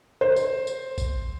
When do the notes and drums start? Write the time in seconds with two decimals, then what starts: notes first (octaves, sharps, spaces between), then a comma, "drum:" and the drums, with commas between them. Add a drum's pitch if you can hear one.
0.21 C5
0.36 drum: tambourine
0.67 drum: tambourine
0.98 drum: kick G#1, tambourine